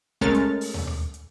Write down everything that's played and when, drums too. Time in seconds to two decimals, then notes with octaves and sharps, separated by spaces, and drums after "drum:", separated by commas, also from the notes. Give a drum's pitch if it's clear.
0.21 G#3 A3 C#4 A#4 F6 A6, drum: kick
0.35 drum: hi-hat
0.61 drum: open hi-hat
0.74 drum: tom D#2
0.87 drum: rim click
1.14 drum: hi-hat